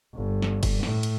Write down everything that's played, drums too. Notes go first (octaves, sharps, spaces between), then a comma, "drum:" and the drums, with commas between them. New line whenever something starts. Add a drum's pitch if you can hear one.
G1
drum: snare
drum: kick, cymbal
A2, drum: snare
drum: cymbal